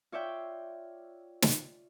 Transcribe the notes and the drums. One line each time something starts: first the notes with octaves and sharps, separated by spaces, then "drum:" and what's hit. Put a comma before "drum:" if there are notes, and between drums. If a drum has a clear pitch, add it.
F4 C#5 D5 E5 G5
drum: snare